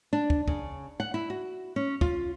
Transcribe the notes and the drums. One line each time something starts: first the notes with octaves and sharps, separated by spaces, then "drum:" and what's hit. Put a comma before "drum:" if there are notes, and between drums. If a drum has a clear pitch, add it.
D4
drum: kick
C#3, drum: kick
F#5
E4
F#4
C#4
F4, drum: kick